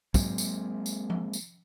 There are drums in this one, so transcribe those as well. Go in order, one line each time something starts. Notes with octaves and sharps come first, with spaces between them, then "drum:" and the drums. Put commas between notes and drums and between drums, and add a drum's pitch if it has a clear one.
F#3 G#3 A#3 C4, drum: kick, tambourine
drum: tambourine
drum: tambourine
drum: tom F3
drum: tambourine